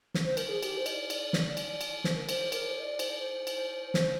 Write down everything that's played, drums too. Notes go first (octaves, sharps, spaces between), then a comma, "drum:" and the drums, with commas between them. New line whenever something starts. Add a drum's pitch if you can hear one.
drum: snare
C5
A#4, drum: cymbal
G#4
G4, drum: cymbal
C5
D#5, drum: cymbal
D5
D5, drum: cymbal
drum: snare
drum: cymbal
drum: cymbal
C5, drum: snare
A#4
C5, drum: cymbal
A#4, drum: cymbal
C5
D#5
D5
C5, drum: cymbal
D5
C5
drum: cymbal
C5, drum: snare